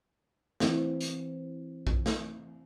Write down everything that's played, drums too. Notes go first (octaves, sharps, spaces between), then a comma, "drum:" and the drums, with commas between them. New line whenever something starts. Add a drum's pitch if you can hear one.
E3 C4, drum: snare
drum: hi-hat
drum: kick A#1
drum: snare